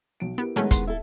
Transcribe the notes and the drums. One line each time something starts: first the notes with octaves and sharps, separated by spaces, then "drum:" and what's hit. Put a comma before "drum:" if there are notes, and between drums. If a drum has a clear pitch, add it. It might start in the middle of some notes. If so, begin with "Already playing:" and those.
B1 D7
B3 E4 G4 A#4
D#3 F#3 G#3 A3 B3 C#4
C6, drum: kick, hi-hat
E4 A4 E5